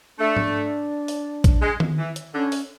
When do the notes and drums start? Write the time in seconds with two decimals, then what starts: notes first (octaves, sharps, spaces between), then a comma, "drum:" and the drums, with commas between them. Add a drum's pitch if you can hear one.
0.19 A3 D4
0.37 drum: tom G#2
1.08 drum: open hi-hat
1.44 drum: kick A#1, hi-hat
1.62 G#3
1.80 drum: tom D#3
1.98 E3
2.16 drum: hi-hat
2.34 D3 C#4
2.52 drum: open hi-hat